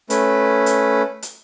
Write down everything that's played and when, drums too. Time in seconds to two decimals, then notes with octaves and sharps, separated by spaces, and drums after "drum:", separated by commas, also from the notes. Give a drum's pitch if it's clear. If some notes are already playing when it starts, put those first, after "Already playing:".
0.10 A3 C#4 B4, drum: hi-hat
0.66 drum: hi-hat
1.22 drum: hi-hat